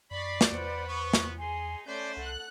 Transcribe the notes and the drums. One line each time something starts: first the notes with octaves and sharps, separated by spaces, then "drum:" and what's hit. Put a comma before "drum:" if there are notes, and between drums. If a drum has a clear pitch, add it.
F#2 D5 B5 C#6 A6 C7
drum: snare
E2 G3 B4 C5 F#5 B5
B3 C#6
drum: snare
D#4 G#4 G#5 C6
A3 C#4 B4 C5 D5 G6
C2 A4 F#5 F#6